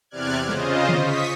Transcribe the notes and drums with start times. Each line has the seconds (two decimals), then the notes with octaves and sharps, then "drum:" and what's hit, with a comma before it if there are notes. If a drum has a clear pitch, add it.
0.10 E2 C3 D5 F6 F#6 G#6
0.49 C#3 F4 C5 D#5, drum: snare
0.89 drum: tom D3
0.99 C#6 D#6 B6